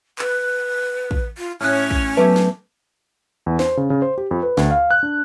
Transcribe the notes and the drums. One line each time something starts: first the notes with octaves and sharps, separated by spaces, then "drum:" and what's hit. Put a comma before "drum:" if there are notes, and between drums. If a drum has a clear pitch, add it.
B4, drum: clap
drum: kick
F4
A2 C#4 F6 F#6
drum: kick
F#3 A3 B3 G4 B4
drum: snare
E2
C5, drum: snare
C#3
C#3
C5
G4
F2
B4
D2, drum: snare
F5
F#6
D4